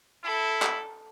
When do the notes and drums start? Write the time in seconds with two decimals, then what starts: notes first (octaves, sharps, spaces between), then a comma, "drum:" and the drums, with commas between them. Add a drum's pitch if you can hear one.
0.24 E4 A4
0.62 drum: clap